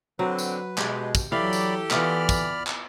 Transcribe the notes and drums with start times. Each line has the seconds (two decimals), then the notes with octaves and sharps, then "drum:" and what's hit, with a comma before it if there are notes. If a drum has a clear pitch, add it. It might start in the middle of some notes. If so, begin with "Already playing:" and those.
0.19 D3 F#3 C4 B4
0.39 drum: tambourine
0.78 B2 G#3 G4, drum: clap
1.15 drum: kick, tambourine
1.32 E3 F#3 G4 A4 D5 F5 B5
1.53 drum: tambourine
1.91 E3 B3 E4 F4 D5 B5 F6, drum: clap
2.29 drum: kick, tambourine
2.67 drum: clap